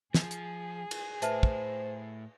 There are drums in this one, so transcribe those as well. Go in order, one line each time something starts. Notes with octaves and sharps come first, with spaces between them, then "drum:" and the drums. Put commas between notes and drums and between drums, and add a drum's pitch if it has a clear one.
F3 G#4, drum: snare
drum: hi-hat
drum: cymbal
A2 B4 C5 E5 A5, drum: hi-hat
drum: kick